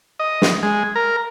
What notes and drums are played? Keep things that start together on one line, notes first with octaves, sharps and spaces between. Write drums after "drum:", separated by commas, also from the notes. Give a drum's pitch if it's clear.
D#5
drum: snare
G#3
A#4